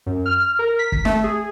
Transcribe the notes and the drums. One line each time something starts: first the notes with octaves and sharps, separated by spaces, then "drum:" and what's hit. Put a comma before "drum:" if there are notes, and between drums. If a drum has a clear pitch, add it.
F#2
F6
A#4
B6
B6, drum: kick
A3, drum: snare
G#4